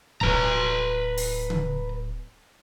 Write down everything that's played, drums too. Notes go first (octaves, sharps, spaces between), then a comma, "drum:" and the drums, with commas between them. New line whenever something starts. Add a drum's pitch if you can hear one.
D1 B4 A#5, drum: kick
drum: open hi-hat
drum: tom C#3